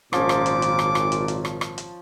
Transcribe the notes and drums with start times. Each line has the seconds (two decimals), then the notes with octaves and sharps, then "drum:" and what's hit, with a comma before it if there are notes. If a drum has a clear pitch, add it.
0.13 G#1 A#2 F3 C#4 D6, drum: rim click
0.29 drum: rim click
0.46 drum: hi-hat
0.62 drum: hi-hat
0.79 drum: rim click
0.95 drum: rim click
1.12 drum: hi-hat
1.28 drum: hi-hat
1.45 drum: rim click
1.61 drum: rim click
1.78 drum: hi-hat